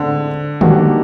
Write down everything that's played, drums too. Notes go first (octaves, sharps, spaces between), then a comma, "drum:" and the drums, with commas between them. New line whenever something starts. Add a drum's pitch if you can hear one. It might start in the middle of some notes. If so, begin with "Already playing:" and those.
Already playing: A2 D3 G#3 C4
D#3 G3 A#3 D4 F#4, drum: tom D3